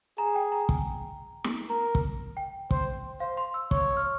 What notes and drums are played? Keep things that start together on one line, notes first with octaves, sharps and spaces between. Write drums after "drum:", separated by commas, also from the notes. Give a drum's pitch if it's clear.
G#4 A#5
G5
A#5
drum: kick
drum: snare
A#4 A#5
drum: kick
G5
C5, drum: kick
C5 F5
C6
E6
C#5 C#6, drum: kick
F6